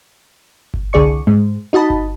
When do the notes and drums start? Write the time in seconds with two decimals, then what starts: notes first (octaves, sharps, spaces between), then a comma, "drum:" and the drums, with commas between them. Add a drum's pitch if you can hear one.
0.74 drum: kick G1
0.93 C2 D3 G#4 D5 C#6
1.27 G#2 G#3
1.73 D#4 F#4 D#5 A5 B5
1.90 drum: kick G1